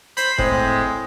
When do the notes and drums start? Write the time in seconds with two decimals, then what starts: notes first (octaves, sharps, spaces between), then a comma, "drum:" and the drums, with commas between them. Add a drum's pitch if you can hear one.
0.17 C5 B5 B6, drum: hi-hat
0.39 A2 G#3 C4, drum: kick F#1